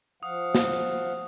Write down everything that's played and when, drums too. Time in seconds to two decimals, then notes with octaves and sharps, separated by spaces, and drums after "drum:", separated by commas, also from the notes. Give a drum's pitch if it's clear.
0.23 F3 F5 F#5 D#6
0.55 drum: snare